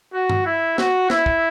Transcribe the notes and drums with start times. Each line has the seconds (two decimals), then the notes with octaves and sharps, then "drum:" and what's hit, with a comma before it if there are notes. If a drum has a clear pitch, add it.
0.13 F#4
0.30 drum: tom G2
0.46 E4
0.78 F#4, drum: snare
1.10 E4, drum: snare
1.26 drum: kick